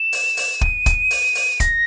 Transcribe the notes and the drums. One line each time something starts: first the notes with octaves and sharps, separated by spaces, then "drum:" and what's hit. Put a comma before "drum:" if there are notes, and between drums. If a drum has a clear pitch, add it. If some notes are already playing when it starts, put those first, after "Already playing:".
Already playing: E7
drum: open hi-hat
drum: open hi-hat
D#7, drum: kick
drum: kick, hi-hat
drum: open hi-hat
drum: open hi-hat
A#6, drum: kick, hi-hat